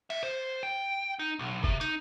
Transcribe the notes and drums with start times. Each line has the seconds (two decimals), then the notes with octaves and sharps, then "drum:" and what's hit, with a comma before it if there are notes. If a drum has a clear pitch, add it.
0.10 E5, drum: cymbal
0.23 C5
0.63 G5
1.19 D#4
1.39 B1
1.64 C3, drum: kick
1.81 D#4, drum: hi-hat